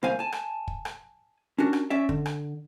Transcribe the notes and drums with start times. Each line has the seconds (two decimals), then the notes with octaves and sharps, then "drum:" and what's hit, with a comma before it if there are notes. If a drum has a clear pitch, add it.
0.03 C2 A#3 C5 F5 G#5
0.19 G#5 A5
0.32 drum: rim click
0.68 drum: kick
0.85 drum: rim click
1.59 C#4 D4 F#4 A#4
1.73 drum: rim click
1.90 C#4 D5 E5
2.09 D3, drum: kick
2.26 drum: rim click